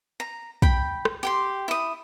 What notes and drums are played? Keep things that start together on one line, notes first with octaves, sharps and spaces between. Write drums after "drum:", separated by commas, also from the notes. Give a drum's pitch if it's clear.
A#5
G5 B5, drum: kick
drum: rim click
G4 G5 C6
E4 D#6